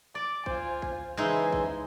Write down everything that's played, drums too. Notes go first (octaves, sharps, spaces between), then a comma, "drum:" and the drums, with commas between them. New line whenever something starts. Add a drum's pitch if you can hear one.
D5 D6
F4 C5 G#5, drum: kick
drum: kick
C#3 E3 G#3 D#4 E4 E5 G#5 C6
drum: kick